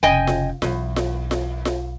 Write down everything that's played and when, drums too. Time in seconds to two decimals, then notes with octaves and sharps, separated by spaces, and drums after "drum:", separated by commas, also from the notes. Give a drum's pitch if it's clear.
0.03 F1 C#3 D#5 G5 G#5
0.27 drum: snare F4
0.62 B1 E2, drum: snare F4
0.96 drum: snare F4
1.31 drum: snare F4
1.65 drum: snare F4